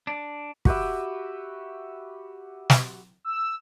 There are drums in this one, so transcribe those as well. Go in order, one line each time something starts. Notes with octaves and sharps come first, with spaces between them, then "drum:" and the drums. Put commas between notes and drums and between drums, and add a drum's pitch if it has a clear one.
D4
F#4 G4 B4 E5, drum: kick
drum: snare
E6